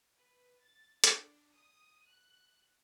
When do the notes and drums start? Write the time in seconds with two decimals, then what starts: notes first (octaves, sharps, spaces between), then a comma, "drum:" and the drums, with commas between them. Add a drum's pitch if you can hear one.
0.16 B4
0.61 A6
1.04 D4, drum: hi-hat
1.53 D#6
2.07 F#6